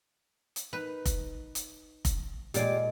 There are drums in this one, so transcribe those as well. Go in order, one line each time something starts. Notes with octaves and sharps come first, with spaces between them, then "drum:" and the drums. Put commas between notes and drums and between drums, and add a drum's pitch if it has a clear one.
drum: hi-hat
D#4 B4
drum: kick F1, hi-hat
drum: hi-hat
drum: kick F1, hi-hat
A#2 G#3 G4 D5, drum: hi-hat